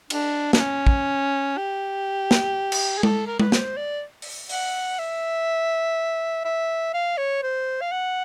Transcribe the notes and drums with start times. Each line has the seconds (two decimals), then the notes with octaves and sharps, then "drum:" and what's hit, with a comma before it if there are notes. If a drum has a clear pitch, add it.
0.10 D4, drum: cymbal
0.53 D4, drum: snare
0.60 C#4
0.87 drum: kick
1.57 G4
2.31 drum: snare
2.72 drum: cymbal
2.98 G#4
3.03 A4, drum: tom G#3
3.27 A#4
3.39 B4, drum: tom G#3
3.52 C5, drum: snare
3.77 D5
4.22 drum: open hi-hat
4.49 F#5, drum: open hi-hat
4.99 E5
6.45 E5
6.94 F5
7.18 C#5
7.43 C5
7.81 F5
7.92 F#5